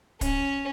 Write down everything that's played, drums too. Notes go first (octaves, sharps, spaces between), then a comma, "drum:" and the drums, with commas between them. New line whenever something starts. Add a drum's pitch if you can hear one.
C#4, drum: kick, hi-hat